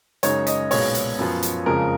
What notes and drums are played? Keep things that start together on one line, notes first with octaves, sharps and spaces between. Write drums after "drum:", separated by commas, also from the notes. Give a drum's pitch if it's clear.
F#2 C#3 G#3 D#4 C#5, drum: hi-hat
D#5, drum: hi-hat
B1 A#2 G#3 B3 C#5, drum: open hi-hat
drum: hi-hat
F#2 F3 B3 F4
drum: hi-hat
F#1 F2 C#3 F3 G#3 A#4